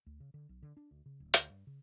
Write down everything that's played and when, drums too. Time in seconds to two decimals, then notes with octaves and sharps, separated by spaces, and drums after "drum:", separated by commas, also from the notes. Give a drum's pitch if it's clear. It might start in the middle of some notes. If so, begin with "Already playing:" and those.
0.06 D2
0.20 C#3
0.34 D3
0.49 B1
0.63 D3
0.77 D4
0.91 D2
1.06 C#3
1.20 D1
1.34 D2, drum: hi-hat
1.50 G2
1.67 C#3